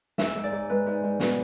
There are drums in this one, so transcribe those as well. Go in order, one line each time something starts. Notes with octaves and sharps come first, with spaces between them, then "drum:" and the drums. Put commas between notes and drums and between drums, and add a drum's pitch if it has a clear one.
G#2 E5, drum: snare
G#2
D5
G#2
G#3 B4
G#2
G#2
B2, drum: snare